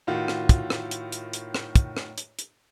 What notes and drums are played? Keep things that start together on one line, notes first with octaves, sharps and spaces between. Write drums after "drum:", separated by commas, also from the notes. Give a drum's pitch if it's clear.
A2 D#3 F4 F#4
drum: rim click
drum: kick, hi-hat
drum: rim click
drum: hi-hat
drum: hi-hat
drum: hi-hat
drum: rim click
drum: kick, hi-hat
drum: rim click
drum: hi-hat
drum: hi-hat